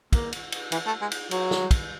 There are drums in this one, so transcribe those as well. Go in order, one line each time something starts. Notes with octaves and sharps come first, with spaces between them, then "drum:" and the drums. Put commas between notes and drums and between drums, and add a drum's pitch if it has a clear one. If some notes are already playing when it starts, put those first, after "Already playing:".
A#3, drum: kick, cymbal
drum: cymbal
drum: cymbal
E3, drum: cymbal
A3
G#3
drum: cymbal
F#3, drum: cymbal
drum: snare
drum: kick, cymbal